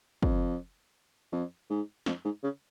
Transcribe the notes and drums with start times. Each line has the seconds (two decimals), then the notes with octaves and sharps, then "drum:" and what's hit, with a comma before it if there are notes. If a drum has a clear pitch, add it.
0.22 F2, drum: kick
1.32 F2
1.70 G#2
2.06 F2, drum: snare
2.24 G#2
2.43 C#3